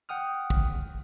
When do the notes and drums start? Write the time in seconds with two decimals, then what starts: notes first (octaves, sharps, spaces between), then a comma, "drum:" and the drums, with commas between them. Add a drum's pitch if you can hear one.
0.09 F#5 G5 D#6 F6
0.50 drum: kick